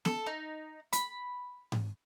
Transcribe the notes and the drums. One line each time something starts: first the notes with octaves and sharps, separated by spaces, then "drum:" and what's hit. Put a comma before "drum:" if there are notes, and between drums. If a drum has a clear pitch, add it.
A4, drum: snare
D#4
B5, drum: hi-hat
drum: tom G#2